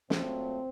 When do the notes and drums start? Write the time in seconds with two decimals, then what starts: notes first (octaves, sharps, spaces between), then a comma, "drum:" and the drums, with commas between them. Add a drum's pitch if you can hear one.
0.10 A#2 F#3 A3 C4, drum: snare